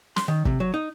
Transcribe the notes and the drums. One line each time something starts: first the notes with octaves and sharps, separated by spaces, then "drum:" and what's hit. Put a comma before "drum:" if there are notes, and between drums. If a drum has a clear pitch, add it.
C6, drum: snare
D#3
C3, drum: kick
F#3
D#4